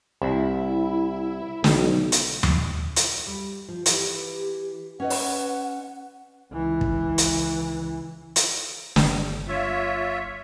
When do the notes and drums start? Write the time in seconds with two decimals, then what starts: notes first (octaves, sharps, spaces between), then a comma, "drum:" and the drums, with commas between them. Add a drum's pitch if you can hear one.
0.22 C2 E4
1.64 B1, drum: snare
2.12 drum: hi-hat
2.43 drum: tom D#2
2.96 drum: hi-hat
3.26 G3
3.69 F3
3.86 E3 G4, drum: hi-hat
5.00 C#4 B4 D#5 F#5
5.10 drum: open hi-hat
6.52 C#2 E3
6.81 drum: kick
7.18 drum: hi-hat
8.36 drum: hi-hat
8.96 G1, drum: snare
9.48 F4 C#5 E5